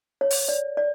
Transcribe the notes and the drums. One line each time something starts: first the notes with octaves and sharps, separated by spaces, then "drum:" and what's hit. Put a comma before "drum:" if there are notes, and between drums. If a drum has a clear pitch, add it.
C#5
drum: open hi-hat
D5
D5